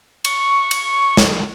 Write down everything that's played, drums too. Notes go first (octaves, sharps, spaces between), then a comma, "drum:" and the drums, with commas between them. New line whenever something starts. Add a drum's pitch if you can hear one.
C#6, drum: cymbal
drum: cymbal
drum: snare